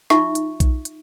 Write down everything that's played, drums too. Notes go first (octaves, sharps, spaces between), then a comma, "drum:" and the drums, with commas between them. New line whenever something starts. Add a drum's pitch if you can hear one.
D#4 F4 E5 C#6, drum: snare
drum: hi-hat
drum: kick B1, hi-hat
drum: hi-hat